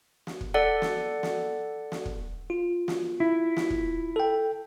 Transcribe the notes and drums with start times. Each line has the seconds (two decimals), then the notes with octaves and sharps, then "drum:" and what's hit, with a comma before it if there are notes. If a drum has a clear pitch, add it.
0.27 drum: snare
0.41 drum: kick
0.54 A4 D5 F#5
0.82 drum: snare
1.23 drum: snare
1.92 drum: snare
2.05 drum: kick
2.50 F4
2.88 drum: snare
3.20 E4
3.57 drum: snare
3.70 drum: kick
4.16 A4 G5